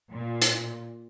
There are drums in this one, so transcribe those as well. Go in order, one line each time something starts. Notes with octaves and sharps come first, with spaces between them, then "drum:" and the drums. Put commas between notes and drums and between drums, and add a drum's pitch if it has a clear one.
A#2
drum: hi-hat